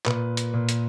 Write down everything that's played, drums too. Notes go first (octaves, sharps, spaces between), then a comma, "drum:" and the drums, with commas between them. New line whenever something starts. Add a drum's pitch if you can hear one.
A#2 B4, drum: clap
drum: hi-hat
A#2
drum: hi-hat